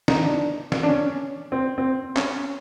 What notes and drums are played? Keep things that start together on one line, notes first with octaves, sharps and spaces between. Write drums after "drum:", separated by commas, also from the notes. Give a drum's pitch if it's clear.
D#4, drum: snare
D4
drum: snare
D4
C#4
C4
C4
C#4, drum: clap